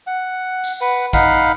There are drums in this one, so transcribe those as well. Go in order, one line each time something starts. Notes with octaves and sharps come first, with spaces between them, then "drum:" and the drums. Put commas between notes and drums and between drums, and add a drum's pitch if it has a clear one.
F#5
drum: tambourine
B4 F#5
D#4 F5 F#5 B5, drum: kick A1, tambourine